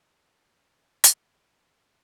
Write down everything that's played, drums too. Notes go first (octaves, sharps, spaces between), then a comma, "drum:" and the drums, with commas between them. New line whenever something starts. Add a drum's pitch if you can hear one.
B4 C5 D5 A#5
drum: hi-hat